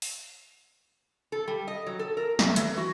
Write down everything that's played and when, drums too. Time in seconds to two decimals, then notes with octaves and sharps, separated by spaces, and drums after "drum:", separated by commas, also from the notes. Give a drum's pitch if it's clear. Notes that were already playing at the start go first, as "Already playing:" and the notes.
0.02 drum: open hi-hat
1.32 A4
1.48 G3
1.68 D#5
1.86 F#3
1.99 A4
2.17 A#4
2.39 A3, drum: snare
2.56 E3, drum: hi-hat
2.77 F#4